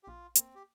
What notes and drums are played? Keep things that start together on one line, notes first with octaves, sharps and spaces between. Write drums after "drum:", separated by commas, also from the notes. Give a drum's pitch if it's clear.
G4
A#1 F4
A#3 C4, drum: hi-hat
G4